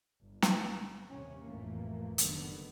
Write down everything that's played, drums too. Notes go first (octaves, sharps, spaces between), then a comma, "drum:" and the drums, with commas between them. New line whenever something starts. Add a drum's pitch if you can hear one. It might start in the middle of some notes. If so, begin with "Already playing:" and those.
G1
drum: snare
D#2 C3 C#4
A1 F2 E3 A3 A#3
F#1 D3 D#3 G3 B3, drum: hi-hat